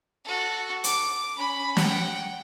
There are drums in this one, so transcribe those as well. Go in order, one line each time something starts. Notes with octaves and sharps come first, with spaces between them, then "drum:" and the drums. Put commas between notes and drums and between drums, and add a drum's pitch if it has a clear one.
F#4 A4
D6, drum: hi-hat
C#4 B5
F#5 G5, drum: snare